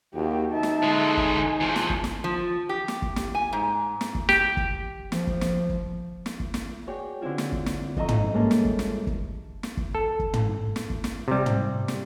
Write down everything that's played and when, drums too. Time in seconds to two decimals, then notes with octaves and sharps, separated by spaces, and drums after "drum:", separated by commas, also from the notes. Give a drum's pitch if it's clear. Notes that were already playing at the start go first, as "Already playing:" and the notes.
0.14 D#2 F#4 G4
0.53 D#4 E5 A5
0.63 drum: snare
0.83 D3 G#3
1.17 G#5, drum: kick
1.61 E2 F3
1.76 drum: snare
1.90 drum: kick
2.04 drum: snare
2.24 F3
2.69 G4
2.88 drum: snare
3.02 drum: kick
3.16 drum: snare
3.35 G#5
3.53 G#2
4.01 drum: snare
4.15 drum: kick
4.29 G4, drum: snare
4.57 drum: kick
5.12 F3, drum: snare
5.27 drum: kick
5.41 drum: snare
5.69 drum: kick
6.26 drum: snare
6.40 drum: kick
6.54 drum: snare
6.87 F#4 G#4 C#5 D5 G5
7.21 D3 C4 C#4 E4 F4
7.38 drum: snare
7.52 drum: kick
7.66 drum: snare
7.97 F2 D#5 E5 A#5 C#6, drum: kick
8.09 drum: tom
8.33 G3 G#3 A#3 C#4 A4
8.51 drum: snare
8.65 drum: kick
8.79 drum: snare
9.07 drum: kick
9.63 drum: snare
9.77 drum: kick
9.95 A4
10.19 drum: kick
10.34 drum: tom
10.76 drum: snare
10.90 drum: kick
11.04 drum: snare
11.28 C3 G3
11.46 drum: tom
11.88 drum: snare